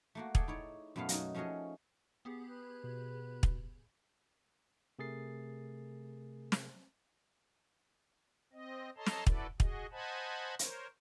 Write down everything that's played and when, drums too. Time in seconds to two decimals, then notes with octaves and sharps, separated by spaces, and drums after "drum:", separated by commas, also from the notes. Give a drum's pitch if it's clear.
0.15 A3 A#3 F#4
0.35 G#4 A4 D5 G5 G#5, drum: kick
0.48 D#4 E4 C#5 D5
0.96 F#2 B2 A3 B3 F5
1.09 F#3 D#4, drum: hi-hat
1.34 F3 A3 C#4 F#4 G#4 D#5
2.25 B3 G4 G#4
2.48 B4
2.83 B2
3.43 drum: kick
4.99 C3 A3 G#4 A#4 A6 C7
6.52 drum: snare
8.53 C4 D#5
8.97 A4 C#5 D#5 A5 A#5 C6
9.06 drum: snare
9.27 E4 F#4 A4 B4 D5, drum: kick
9.60 F#4 G#4 D#5, drum: kick
9.92 C5 D#5 F#5 G#5 A5 B5
10.59 A#4 C5 C#5, drum: hi-hat